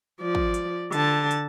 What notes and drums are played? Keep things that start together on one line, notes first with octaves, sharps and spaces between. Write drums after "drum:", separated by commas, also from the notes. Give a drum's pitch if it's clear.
F3 D5
drum: kick
drum: hi-hat
D3 A5, drum: hi-hat
drum: hi-hat